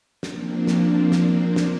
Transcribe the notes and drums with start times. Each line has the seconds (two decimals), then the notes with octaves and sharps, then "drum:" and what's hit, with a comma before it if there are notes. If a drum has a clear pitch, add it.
0.23 F3 A#3 C4 D4, drum: snare
0.67 drum: snare
1.12 drum: snare
1.56 drum: snare